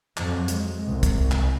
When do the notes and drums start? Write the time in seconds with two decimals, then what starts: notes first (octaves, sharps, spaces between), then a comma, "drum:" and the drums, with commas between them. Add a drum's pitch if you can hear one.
0.17 F2 F#3, drum: clap
0.48 G#3, drum: hi-hat
0.86 C2
1.03 drum: kick, hi-hat
1.31 drum: clap